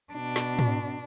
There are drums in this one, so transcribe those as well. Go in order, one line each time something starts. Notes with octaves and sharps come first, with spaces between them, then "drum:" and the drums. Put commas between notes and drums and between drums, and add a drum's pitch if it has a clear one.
B2 D4
drum: snare
drum: tom